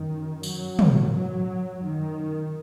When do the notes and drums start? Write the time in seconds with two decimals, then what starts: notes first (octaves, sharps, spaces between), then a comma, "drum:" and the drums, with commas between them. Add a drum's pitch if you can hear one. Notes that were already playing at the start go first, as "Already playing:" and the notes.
Already playing: F#2 D#3
0.43 F#3, drum: tambourine
0.79 drum: tom
1.14 F#3
1.84 D#3